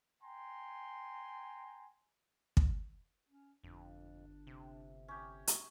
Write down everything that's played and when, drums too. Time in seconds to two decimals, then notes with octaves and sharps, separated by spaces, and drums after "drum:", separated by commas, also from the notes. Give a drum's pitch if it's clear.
0.22 G5 G#5 A#5 C6
2.57 drum: kick
3.29 C#4
3.64 G1 F2 D4
4.47 C3
5.08 C#4 G4
5.47 drum: hi-hat